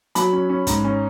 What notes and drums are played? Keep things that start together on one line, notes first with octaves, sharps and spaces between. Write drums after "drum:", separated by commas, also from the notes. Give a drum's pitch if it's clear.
F#3 B5, drum: hi-hat
C#4
C#4
G#2, drum: kick, hi-hat
C#4